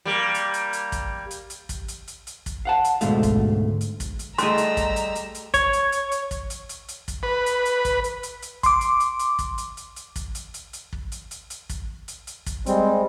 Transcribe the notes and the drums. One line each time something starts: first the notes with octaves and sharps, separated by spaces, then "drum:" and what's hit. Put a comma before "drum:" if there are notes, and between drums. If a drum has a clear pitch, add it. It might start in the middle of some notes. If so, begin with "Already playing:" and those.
G3 A#3
drum: hi-hat
drum: hi-hat
drum: hi-hat
drum: kick, hi-hat
drum: hi-hat
drum: hi-hat
drum: kick, hi-hat
drum: hi-hat
drum: hi-hat
drum: hi-hat
drum: kick, hi-hat
F5 F#5 A5
drum: hi-hat
D2 G#2 B2 G#3 A3 F5, drum: hi-hat
drum: kick, hi-hat
drum: hi-hat
drum: kick, hi-hat
drum: hi-hat
G3 A3 G4 G#4 D#5 A#5 C6 E6, drum: hi-hat
drum: hi-hat
drum: kick, hi-hat
drum: hi-hat
drum: hi-hat
drum: hi-hat
C#5, drum: kick, hi-hat
drum: hi-hat
drum: hi-hat
drum: hi-hat
drum: kick, hi-hat
drum: hi-hat
drum: hi-hat
drum: hi-hat
drum: kick, hi-hat
B4
drum: hi-hat
drum: hi-hat
drum: kick, hi-hat
drum: hi-hat
drum: hi-hat
drum: hi-hat
C6 D6, drum: kick, hi-hat
drum: hi-hat
drum: hi-hat
drum: hi-hat
drum: kick, hi-hat
drum: hi-hat
drum: hi-hat
drum: hi-hat
drum: kick, hi-hat
drum: hi-hat
drum: hi-hat
drum: hi-hat
drum: kick
drum: hi-hat
drum: hi-hat
drum: hi-hat
drum: kick, hi-hat
drum: hi-hat
drum: hi-hat
drum: kick, hi-hat
G3 G#3 C4, drum: hi-hat